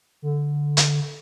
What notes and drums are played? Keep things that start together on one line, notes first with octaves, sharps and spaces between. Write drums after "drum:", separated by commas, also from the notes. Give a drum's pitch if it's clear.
D3
drum: hi-hat